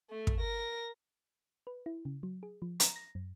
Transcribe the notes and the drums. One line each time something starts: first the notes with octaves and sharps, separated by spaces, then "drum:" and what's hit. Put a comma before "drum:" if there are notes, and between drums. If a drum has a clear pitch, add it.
A3
drum: kick
A#4 A#6
B4
E4
C#3
F#3
G#4
F3
A#5, drum: hi-hat
A#6
F#2